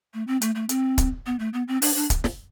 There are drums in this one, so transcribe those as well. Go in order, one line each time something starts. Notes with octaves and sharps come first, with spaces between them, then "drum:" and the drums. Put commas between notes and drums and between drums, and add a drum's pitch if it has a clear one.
A3
C4
A3, drum: hi-hat
A3
C4, drum: hi-hat
drum: kick, hi-hat
B3
A3
B3
C4
D4, drum: open hi-hat
D4
drum: kick, hi-hat
drum: snare